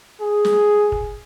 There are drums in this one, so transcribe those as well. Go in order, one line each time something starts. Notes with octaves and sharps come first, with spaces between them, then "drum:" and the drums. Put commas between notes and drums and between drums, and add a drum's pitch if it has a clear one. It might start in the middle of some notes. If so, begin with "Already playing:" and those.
G#4
drum: snare
drum: kick